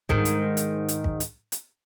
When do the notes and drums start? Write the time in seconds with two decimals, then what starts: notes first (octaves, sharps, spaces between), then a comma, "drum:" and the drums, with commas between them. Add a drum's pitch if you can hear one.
0.09 G#2 D#3, drum: kick
0.25 drum: hi-hat
0.57 drum: hi-hat
0.88 drum: hi-hat
1.04 drum: kick
1.20 drum: hi-hat
1.52 drum: hi-hat